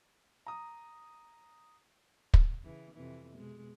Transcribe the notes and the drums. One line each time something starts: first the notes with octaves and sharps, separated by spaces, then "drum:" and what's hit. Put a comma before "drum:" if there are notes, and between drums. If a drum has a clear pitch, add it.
A#5 D#6
drum: kick
C#3 E3
F2 C3 E3
B2 G#3